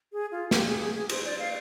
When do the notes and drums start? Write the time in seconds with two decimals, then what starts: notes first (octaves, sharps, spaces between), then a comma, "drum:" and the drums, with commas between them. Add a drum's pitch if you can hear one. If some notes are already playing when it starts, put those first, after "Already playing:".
0.13 G#4
0.32 F4
0.51 G4, drum: snare
0.66 G#4
0.80 G#4
0.95 G#4
1.09 C5, drum: cymbal
1.25 D5
1.39 F5